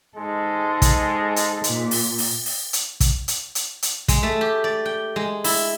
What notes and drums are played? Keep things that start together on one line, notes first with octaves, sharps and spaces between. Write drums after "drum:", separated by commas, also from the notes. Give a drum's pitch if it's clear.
G#2 G#3 A4
drum: kick, hi-hat
drum: hi-hat
A#2, drum: hi-hat
drum: open hi-hat
drum: open hi-hat
drum: open hi-hat
drum: hi-hat
drum: kick, hi-hat
drum: hi-hat
drum: hi-hat
drum: hi-hat
G#3, drum: kick, hi-hat
A3
G4
D5
G5
G#3
E4, drum: open hi-hat